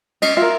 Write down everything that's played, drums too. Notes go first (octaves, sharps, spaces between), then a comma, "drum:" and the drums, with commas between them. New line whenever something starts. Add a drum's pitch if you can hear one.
C#4 D#5, drum: cymbal
F4 A#4 E5